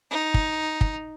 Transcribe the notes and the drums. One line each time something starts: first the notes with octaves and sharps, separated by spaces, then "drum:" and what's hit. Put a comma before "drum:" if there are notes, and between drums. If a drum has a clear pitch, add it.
D#4
drum: kick
drum: kick